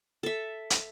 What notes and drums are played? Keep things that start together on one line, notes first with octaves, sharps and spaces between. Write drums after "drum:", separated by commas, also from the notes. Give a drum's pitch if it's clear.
A4 E5
drum: hi-hat